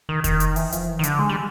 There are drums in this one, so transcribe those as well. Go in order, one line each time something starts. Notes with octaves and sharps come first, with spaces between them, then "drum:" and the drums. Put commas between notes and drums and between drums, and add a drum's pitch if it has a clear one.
D#3
D#3, drum: kick F1, hi-hat
drum: hi-hat
E3, drum: open hi-hat
F3, drum: hi-hat
E3
D#3
D3, drum: hi-hat
G#3
G3